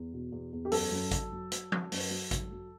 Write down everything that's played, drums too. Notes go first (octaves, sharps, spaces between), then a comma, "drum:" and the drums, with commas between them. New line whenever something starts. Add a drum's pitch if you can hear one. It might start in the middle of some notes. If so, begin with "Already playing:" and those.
Already playing: E2
B2
E2
E2
G4
F#2 A4, drum: open hi-hat
F#2
F#3, drum: kick G#1, hi-hat
F#3
F#3, drum: hi-hat
F#3, drum: tom F3
F#2, drum: open hi-hat
F#3
F#3, drum: kick G#1, hi-hat
F#3